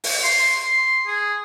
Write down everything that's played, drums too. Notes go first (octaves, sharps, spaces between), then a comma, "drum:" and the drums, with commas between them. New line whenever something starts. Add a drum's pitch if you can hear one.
drum: open hi-hat
C6
C6
G#4